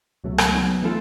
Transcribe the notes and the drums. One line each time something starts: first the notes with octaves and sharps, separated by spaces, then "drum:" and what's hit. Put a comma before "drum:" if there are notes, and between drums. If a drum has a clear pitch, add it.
C#2 B2 F#3 A3
drum: rim click
F#3 B3 D#4
E3 A3 C#4 F4 A4